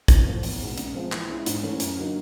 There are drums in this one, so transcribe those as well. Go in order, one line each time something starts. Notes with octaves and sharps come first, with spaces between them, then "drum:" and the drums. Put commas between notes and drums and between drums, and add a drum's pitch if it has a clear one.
A2, drum: kick, hi-hat
F3 A3
E2, drum: open hi-hat
B2 G#3 B3 D#4
C#3, drum: hi-hat
F3 G#3 C4 F4
E3, drum: clap
G#3 C#4 E4
G#2, drum: hi-hat
E3 A3 C#4
F#2, drum: hi-hat
D3 F#3 A#3 D#4